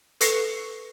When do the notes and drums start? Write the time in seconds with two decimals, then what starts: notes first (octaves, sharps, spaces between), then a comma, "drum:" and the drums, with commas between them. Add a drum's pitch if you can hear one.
0.21 A4 B4 C#6 A#6 C7 C#7, drum: hi-hat